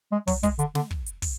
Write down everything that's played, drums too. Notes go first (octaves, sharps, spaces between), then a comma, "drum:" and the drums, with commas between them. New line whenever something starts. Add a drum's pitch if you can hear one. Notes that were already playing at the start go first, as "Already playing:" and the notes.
G#3
F#3, drum: kick, open hi-hat
G#3, drum: kick, hi-hat
D3, drum: hi-hat
D3, drum: snare
drum: kick
drum: hi-hat
drum: kick, open hi-hat